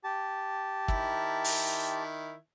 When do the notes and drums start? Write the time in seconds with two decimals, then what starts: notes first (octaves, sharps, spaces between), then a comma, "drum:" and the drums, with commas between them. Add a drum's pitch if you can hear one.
0.04 G4 A5
0.88 D#3 E4 A#4, drum: kick
1.44 drum: open hi-hat